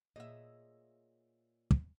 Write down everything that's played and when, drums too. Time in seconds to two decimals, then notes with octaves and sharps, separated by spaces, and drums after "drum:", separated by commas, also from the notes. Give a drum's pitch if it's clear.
0.16 A#2 G#4 C#5 D#5 E5
1.71 drum: kick